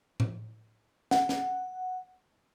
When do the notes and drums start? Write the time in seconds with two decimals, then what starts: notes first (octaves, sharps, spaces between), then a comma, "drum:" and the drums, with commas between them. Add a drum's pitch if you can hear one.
0.20 drum: tom A2
1.11 F#5, drum: snare
1.29 drum: snare